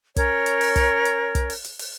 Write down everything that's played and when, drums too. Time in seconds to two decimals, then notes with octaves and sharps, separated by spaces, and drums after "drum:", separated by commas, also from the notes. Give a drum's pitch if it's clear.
0.16 C#4 A#4 C#5, drum: kick, hi-hat
0.46 drum: hi-hat
0.61 drum: open hi-hat
0.76 drum: kick, hi-hat
1.05 drum: hi-hat
1.35 drum: kick, hi-hat
1.50 drum: open hi-hat
1.64 drum: hi-hat
1.79 drum: open hi-hat